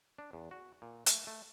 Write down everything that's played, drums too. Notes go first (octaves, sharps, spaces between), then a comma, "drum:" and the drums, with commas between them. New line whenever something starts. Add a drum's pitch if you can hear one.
D4
E2
F#4
A#2
A3, drum: hi-hat
A3